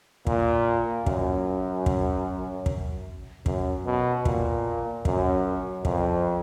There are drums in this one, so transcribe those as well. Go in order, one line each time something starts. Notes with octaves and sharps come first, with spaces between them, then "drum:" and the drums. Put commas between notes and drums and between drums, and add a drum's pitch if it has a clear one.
A#2, drum: kick
F#2, drum: kick
drum: kick
drum: kick
F#2, drum: kick
B2
A#2, drum: kick
F#2, drum: kick
F2, drum: kick